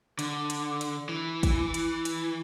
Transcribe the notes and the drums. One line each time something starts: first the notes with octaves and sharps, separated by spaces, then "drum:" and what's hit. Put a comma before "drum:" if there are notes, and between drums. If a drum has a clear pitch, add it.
D3, drum: hi-hat
drum: hi-hat
drum: hi-hat
E3
drum: kick, hi-hat
drum: hi-hat
drum: hi-hat